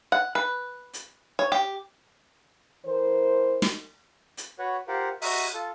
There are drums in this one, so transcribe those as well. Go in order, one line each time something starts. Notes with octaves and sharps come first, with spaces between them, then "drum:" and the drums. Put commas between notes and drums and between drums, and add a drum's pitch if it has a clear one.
F#5
B4
drum: hi-hat
C#5
G4
E3 A#4 C5
drum: snare
drum: hi-hat
F#4 B4 C#5 F#5
F4 G4 A#4 C5 F5 F#5
F#4 D#5 E5 A#5, drum: open hi-hat
F4 A4